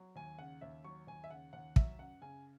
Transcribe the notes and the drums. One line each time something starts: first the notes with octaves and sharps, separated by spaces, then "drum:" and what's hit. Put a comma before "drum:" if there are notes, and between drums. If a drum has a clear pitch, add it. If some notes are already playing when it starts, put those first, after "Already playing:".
Already playing: F#3
D#2 G#5
C#3 F#5
D#2 E5
F#3 C#6
D#2 G#5
E5
C#3 F#5
D#2 F#5
F#3 E5, drum: kick
F#2 F#5
C#3 G#5